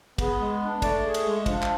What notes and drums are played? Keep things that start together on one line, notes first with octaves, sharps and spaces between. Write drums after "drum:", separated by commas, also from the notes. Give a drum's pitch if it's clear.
B3 G#4, drum: kick, cymbal
G#3
D4
A3 D5, drum: kick, cymbal
G#4
drum: cymbal
G#3
F3 D4, drum: kick, cymbal
drum: clap